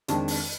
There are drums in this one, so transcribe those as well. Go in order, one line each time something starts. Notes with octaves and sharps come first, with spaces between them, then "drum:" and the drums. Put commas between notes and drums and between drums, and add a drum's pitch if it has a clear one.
F2 D#3 G#3 D4, drum: hi-hat
drum: open hi-hat